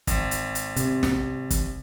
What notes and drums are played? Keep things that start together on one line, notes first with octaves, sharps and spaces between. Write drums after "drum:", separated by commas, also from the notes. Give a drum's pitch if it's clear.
G#1, drum: kick, hi-hat
drum: hi-hat
drum: hi-hat
C3, drum: hi-hat
drum: snare
drum: kick, hi-hat